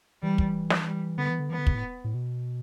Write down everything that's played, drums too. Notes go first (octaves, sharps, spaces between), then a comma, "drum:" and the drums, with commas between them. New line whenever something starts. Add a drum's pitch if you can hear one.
E3 G3
drum: kick
drum: snare
G3
D3 B3
E3
D3
E3 B3
D3
C#3, drum: kick
A2
A2
B2